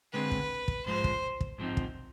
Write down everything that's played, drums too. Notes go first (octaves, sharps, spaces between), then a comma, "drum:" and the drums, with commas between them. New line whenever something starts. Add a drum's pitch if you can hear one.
D3 G#3 C4 B4
drum: kick
drum: kick
G#2 F3 G#3 C5
drum: kick
drum: kick
G#2 F3 C4 D#4
drum: kick